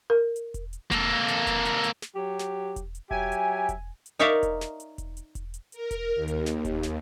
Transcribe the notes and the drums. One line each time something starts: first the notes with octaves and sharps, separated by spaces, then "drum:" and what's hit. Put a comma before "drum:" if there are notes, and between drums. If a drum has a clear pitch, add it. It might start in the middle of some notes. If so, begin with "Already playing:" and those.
A#4
drum: hi-hat
drum: kick E1, hi-hat
drum: hi-hat
A#3 A4, drum: kick E1, hi-hat
drum: hi-hat
drum: kick E1, hi-hat
drum: hi-hat
drum: hi-hat
drum: snare
F#3 G4
drum: snare
drum: kick E1, hi-hat
drum: hi-hat
F#3 G4 E5 G#5, drum: kick E1
drum: hi-hat
drum: kick E1, hi-hat
drum: hi-hat
D#4 A#4 C#5 D5 E5 F5
drum: kick E1, hi-hat
drum: snare
drum: hi-hat
drum: kick E1, hi-hat
drum: hi-hat
drum: kick E1, hi-hat
drum: hi-hat
A#4, drum: hi-hat
drum: kick E1, hi-hat
D#2
drum: hi-hat
drum: snare
drum: kick E1, hi-hat
drum: snare